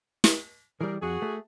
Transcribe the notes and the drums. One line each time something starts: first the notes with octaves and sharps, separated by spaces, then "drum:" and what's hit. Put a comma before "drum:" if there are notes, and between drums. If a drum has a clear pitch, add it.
drum: snare
E3 G3 G#4 A#4
F2 F#4 G#4
A3